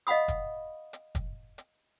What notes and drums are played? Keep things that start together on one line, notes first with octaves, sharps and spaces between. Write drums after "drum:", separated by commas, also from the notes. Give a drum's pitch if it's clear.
D#5 F5 F#5 B5 D#6
drum: kick, hi-hat
drum: hi-hat
drum: kick, hi-hat
drum: hi-hat